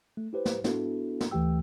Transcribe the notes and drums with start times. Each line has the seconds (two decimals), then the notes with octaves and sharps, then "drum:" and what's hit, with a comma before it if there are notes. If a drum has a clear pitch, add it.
0.17 A3
0.33 E4 G4 B4 C5
0.45 drum: snare
0.64 B3 D4 E4 F#4 A4, drum: snare
1.21 drum: snare
1.31 D2 E3 A3 G4 G5 E6